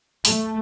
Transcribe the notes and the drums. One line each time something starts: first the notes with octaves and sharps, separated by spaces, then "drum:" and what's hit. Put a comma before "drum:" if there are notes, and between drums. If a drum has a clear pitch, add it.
A3, drum: open hi-hat